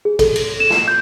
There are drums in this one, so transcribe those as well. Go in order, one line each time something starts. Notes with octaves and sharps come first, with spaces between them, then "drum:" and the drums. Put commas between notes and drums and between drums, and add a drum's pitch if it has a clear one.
G#4
A4, drum: kick A1, cymbal
drum: cymbal
E7
drum: snare
G6